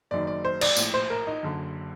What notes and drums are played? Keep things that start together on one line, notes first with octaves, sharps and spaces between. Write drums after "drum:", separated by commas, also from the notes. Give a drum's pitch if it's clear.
F#1 F#2 D#3 D5
D5
C5
D5, drum: cymbal
A#1 A2, drum: tambourine
C5
A#4
D#4
F#1 F#2 D3